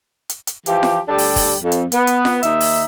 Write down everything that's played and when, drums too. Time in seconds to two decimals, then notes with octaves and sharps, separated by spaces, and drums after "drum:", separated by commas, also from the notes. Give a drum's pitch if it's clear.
0.29 drum: hi-hat
0.47 drum: hi-hat
0.66 E3 F3 G4, drum: hi-hat
0.83 drum: snare F4
1.08 D2 G3 D4 G4 A4
1.18 drum: open hi-hat
1.36 drum: kick, open hi-hat
1.62 F2
1.72 drum: hi-hat
1.92 B3, drum: hi-hat
2.07 drum: hi-hat
2.25 drum: snare F4
2.43 D#2 D#4 E5, drum: hi-hat
2.60 drum: open hi-hat